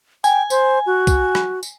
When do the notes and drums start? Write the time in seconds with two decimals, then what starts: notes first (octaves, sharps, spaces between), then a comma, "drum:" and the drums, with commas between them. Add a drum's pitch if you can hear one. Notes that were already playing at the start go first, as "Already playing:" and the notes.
0.24 G5 G#5, drum: tambourine
0.50 C5, drum: tambourine
0.86 F#4
1.07 drum: kick, tambourine
1.35 drum: rim click
1.63 drum: tambourine